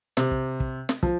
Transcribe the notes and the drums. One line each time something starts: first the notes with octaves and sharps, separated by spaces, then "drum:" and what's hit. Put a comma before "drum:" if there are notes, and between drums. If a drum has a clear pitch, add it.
C3, drum: snare
drum: kick
drum: kick
drum: snare
F3, drum: kick